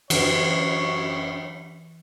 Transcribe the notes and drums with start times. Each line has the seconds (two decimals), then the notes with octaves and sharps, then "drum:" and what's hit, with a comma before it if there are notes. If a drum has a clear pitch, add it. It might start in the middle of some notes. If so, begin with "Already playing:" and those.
0.10 F#2 D3 E3 F#4 C#5, drum: cymbal